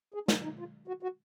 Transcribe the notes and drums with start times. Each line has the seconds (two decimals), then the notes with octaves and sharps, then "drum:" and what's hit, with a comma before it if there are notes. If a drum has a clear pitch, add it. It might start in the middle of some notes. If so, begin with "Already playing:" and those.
0.14 G#4
0.28 D#4, drum: snare
0.44 D#4
0.59 F4
0.88 F#4
1.03 F#4